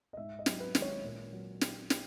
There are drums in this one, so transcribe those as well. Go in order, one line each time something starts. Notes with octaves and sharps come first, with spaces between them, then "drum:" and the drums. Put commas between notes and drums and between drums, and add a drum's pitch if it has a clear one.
D#5
G#2 E5
D#5
F#3, drum: snare
B4
G#1, drum: snare
C#5
A#2
F#3
drum: snare
drum: snare